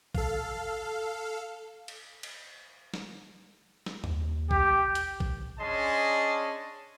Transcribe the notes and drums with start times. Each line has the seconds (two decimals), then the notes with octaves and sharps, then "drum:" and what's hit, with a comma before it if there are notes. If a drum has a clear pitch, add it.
0.15 A4 F5, drum: kick
1.88 drum: cymbal
2.23 drum: cymbal
2.94 drum: snare
3.86 drum: snare
4.04 D#2, drum: tom F2
4.51 G4, drum: kick
4.95 drum: hi-hat
5.20 drum: kick
5.59 C#4 D4 G#4 D#5 A5 C6